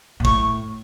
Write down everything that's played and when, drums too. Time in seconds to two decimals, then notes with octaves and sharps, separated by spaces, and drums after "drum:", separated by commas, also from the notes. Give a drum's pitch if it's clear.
0.20 A#2
0.25 A2 C#6, drum: kick